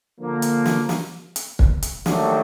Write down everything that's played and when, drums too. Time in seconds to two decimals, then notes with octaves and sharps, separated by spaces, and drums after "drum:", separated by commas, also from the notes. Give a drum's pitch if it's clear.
0.19 D3 F3 A#3
0.42 drum: hi-hat
0.66 drum: snare
0.89 drum: snare
1.36 drum: hi-hat
1.59 drum: kick
1.83 drum: hi-hat
2.06 D#3 F#3 A3 D4 G4, drum: snare